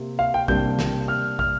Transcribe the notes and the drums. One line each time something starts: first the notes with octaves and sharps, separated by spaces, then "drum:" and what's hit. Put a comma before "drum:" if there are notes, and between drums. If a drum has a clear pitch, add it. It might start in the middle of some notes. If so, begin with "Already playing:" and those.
Already playing: C3 A#3
F5
G5
C3 G3 A#3 D4 G6, drum: kick
drum: snare
F6
F6, drum: kick